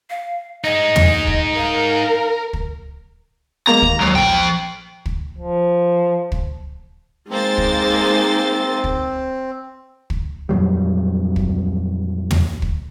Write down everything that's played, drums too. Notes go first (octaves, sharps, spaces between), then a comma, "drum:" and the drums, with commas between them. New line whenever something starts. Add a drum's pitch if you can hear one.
F5
D#4 G#4 D#5
drum: tom
drum: kick
A#4 F5
drum: kick
G#3 A#3 B3 A#5
D#2, drum: kick
F#3 G#3
A#1 F3 G5
drum: kick
F3
drum: kick
G#3 A#3 C4 D#4 C5 A6
drum: kick
drum: kick
drum: kick
F2 A#2 F#3 G3
drum: kick
drum: tom
drum: kick